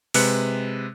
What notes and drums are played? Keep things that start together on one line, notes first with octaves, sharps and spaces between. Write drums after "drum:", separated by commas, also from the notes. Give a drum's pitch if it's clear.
C3 G#3 B4 F#6 C#7, drum: open hi-hat